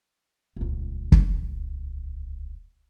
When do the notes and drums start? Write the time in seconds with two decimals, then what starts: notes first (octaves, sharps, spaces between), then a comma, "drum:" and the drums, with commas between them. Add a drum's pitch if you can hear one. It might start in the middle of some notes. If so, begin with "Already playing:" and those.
0.56 D#1 C#2
1.12 drum: kick